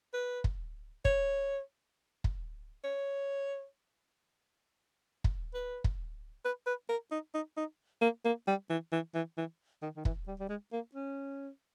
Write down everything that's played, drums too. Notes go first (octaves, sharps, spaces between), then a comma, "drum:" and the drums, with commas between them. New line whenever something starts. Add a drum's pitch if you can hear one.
B4
drum: kick
C#5, drum: kick
drum: kick
C#5
drum: kick
B4
drum: kick
B4
B4
A#4
D#4
D#4
D#4
A#3
A#3
G3
E3
E3
E3
E3
D#3
D#3
E3, drum: kick
G3
G3
G#3
A#3
C#4